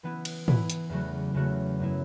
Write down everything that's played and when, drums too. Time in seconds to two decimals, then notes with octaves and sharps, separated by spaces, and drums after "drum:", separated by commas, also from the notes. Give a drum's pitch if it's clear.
0.03 E3 B3 E4
0.25 drum: cymbal
0.48 E3 B3 E4, drum: tom
0.70 drum: hi-hat
0.89 E2 C#3 F#3 A3 F#4
1.34 E2 C#3 F#3 A3 F#4
1.79 F#2 F#3 B3 E4